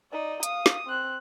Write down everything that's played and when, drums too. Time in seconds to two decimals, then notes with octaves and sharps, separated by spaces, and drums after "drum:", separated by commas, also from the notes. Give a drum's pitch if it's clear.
0.12 D#4 D5
0.43 F5 D#6, drum: hi-hat
0.66 drum: snare
0.87 C4 F#6